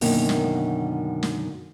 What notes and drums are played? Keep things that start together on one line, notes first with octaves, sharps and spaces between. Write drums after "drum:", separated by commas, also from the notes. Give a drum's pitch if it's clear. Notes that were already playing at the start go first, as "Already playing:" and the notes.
F#2 B2 D3 D#3 A#3, drum: open hi-hat
drum: snare
drum: snare